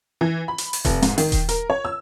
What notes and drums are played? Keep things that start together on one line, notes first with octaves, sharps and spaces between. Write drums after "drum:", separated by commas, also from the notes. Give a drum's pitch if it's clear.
E3
B5
drum: hi-hat
drum: open hi-hat
F1, drum: kick D#1, hi-hat
G#2, drum: hi-hat
D#3, drum: open hi-hat
drum: kick D#1, hi-hat
A#4, drum: hi-hat
C#5
E6